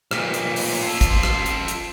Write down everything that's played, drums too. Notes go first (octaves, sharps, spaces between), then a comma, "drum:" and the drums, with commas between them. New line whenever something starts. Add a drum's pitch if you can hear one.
B1 A#2, drum: rim click
drum: hi-hat
drum: open hi-hat
F4 A4
drum: kick, hi-hat
drum: rim click
drum: hi-hat
drum: hi-hat